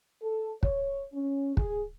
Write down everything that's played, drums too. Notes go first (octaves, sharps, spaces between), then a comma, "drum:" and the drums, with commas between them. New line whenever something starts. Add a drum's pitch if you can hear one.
A4
C#5, drum: kick
C#4
G#4, drum: kick